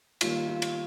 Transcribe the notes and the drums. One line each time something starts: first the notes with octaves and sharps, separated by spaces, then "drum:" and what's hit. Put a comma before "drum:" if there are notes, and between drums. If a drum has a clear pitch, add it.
D#3 G3 A#3 F4, drum: cymbal
F4
drum: cymbal